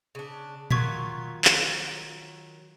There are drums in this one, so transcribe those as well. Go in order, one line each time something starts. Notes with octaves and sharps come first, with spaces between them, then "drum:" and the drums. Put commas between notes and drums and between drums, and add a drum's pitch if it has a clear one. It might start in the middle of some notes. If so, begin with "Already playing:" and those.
C#3 D4
D#3 F#3 F4 C#6 G#6 B6, drum: tom A#2
drum: clap